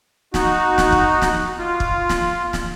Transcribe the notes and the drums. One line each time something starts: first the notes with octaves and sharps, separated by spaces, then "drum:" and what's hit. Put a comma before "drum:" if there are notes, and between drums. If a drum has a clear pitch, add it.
D#4 F#4, drum: snare
drum: snare
drum: kick
drum: snare
F4
drum: kick
drum: snare
drum: snare